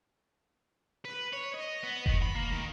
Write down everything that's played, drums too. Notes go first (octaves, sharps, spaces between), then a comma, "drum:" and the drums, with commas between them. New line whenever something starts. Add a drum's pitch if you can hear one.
B4
C#5
D#5
B3
D#3, drum: kick F1
B5
A#3
D#3